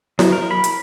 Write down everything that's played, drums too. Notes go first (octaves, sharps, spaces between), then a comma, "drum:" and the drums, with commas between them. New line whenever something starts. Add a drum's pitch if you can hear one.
F#3, drum: snare E4
A#4
B5
drum: hi-hat